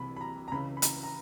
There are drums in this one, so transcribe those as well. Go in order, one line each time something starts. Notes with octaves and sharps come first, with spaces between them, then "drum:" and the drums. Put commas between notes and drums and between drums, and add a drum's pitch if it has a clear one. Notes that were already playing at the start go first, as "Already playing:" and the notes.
Already playing: C2 C3 E3 B5
B5
A#5
A#5
C#2 C#3 E3 B5
B5
A#5, drum: hi-hat
A#5